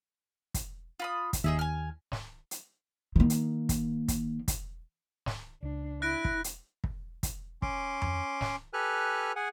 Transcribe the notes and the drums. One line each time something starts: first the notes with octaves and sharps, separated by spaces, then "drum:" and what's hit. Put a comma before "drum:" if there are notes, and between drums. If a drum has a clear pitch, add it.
drum: kick, hi-hat
F4 B5 D#6
drum: kick, hi-hat
D#2 D#4 G#4 E5
G#5 F6
drum: snare
drum: hi-hat
D#3 A#3
drum: hi-hat
drum: kick, hi-hat
drum: kick, hi-hat
drum: kick, hi-hat
drum: snare
C#2 D4
E4 F#6 A#6 D7
drum: kick
drum: hi-hat
drum: kick
drum: kick, hi-hat
C#4 C6 D6, drum: kick
drum: tom F2
drum: snare
G4 A4 B4 G#5 F6 F#6
G#4 F#5 G#5